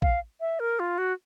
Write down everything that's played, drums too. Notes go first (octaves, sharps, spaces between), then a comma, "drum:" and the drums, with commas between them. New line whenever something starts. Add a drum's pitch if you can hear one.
F5, drum: kick
E5
A#4
F4
F#4